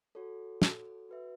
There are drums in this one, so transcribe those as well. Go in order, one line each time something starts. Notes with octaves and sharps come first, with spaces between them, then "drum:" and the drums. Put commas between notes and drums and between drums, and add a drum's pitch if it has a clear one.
F#4 A4 C#5
drum: snare
F#4 B4 E5